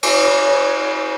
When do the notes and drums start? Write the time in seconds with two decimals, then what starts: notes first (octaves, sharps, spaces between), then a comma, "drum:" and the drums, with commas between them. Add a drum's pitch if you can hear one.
0.03 C#5, drum: cymbal